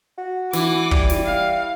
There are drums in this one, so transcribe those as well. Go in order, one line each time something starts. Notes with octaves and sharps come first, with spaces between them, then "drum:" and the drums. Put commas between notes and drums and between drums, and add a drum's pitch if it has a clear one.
F#4
E3 D6, drum: snare
G3, drum: kick
drum: snare
F5